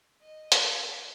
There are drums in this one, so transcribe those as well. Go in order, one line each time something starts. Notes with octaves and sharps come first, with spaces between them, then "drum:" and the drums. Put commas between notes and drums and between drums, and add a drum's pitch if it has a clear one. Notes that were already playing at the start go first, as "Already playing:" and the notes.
D#5
drum: hi-hat